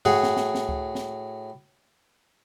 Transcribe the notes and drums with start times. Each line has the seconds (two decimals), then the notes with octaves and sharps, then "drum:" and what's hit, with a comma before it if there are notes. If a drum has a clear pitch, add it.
0.05 A2 F#4 G#4, drum: tom G2
0.23 drum: snare
0.37 drum: snare
0.55 drum: snare
0.69 drum: kick C#2
0.95 drum: snare